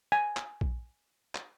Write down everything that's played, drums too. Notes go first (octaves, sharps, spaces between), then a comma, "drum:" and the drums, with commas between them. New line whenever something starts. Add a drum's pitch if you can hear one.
G#5
drum: clap
drum: kick A#1
drum: clap